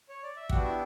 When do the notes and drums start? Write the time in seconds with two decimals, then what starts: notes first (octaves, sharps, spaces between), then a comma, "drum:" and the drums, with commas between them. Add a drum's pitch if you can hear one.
0.09 C#5
0.23 D5
0.37 E5
0.49 B3 D4 F#4 G4 F#5, drum: kick
0.64 E4 E5